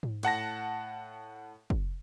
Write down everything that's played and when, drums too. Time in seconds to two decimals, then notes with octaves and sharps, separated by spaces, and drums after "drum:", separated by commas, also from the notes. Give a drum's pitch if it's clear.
0.03 drum: tom G#2
0.23 A2 F#5 A5 A#6, drum: cymbal
1.70 drum: kick